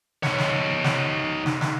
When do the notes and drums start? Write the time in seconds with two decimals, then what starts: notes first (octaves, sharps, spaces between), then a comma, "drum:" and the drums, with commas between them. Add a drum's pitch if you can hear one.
0.23 D#4 C#5, drum: snare
0.38 drum: snare
0.84 drum: snare
1.46 drum: snare
1.61 drum: snare